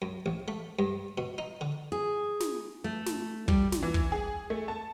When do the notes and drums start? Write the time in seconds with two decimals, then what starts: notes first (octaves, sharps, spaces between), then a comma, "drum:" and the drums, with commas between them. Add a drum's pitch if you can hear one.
0.02 F#2
0.26 A1
0.48 A3
0.79 G2
1.18 B2
1.38 D#4
1.61 D3
1.92 G#4
2.40 drum: snare
2.84 A3
3.06 drum: snare
3.48 G3, drum: kick
3.72 drum: snare
3.83 E3
3.94 drum: kick
4.12 G#4
4.50 A3
4.68 A5